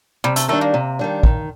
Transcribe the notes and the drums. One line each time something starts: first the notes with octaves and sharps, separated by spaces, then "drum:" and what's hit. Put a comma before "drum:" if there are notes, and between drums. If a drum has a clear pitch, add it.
C3 G3
A3, drum: hi-hat
D#3 G3 A3 D4
A#3
C3
D#3 G3 D4
D#3, drum: kick